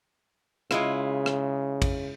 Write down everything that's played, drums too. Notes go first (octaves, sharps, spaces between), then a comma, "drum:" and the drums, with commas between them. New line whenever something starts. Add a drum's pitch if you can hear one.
C#3 G#3 E4 F4, drum: rim click
drum: rim click
drum: kick, cymbal